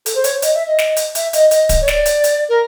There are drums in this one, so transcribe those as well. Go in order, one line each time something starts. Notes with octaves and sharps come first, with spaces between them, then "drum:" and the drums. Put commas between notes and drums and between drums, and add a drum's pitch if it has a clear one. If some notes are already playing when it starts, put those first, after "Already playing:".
A4, drum: hi-hat
C5
C#5, drum: hi-hat
D#5, drum: hi-hat
E5
D#5
drum: snare
drum: hi-hat
E5, drum: hi-hat
D#5, drum: hi-hat
D#5, drum: hi-hat
drum: kick D1, hi-hat
C#5
D5, drum: snare
drum: hi-hat
drum: hi-hat
A#4